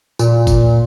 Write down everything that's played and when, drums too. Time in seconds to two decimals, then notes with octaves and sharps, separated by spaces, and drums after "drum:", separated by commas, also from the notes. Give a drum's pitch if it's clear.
0.19 A#2, drum: tambourine
0.47 drum: kick, tambourine